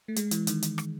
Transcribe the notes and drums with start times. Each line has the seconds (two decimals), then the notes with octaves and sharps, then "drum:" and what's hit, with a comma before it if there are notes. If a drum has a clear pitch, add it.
0.08 A3
0.16 G#3, drum: hi-hat
0.31 E3, drum: hi-hat
0.47 D#3, drum: hi-hat
0.62 drum: hi-hat
0.78 drum: rim click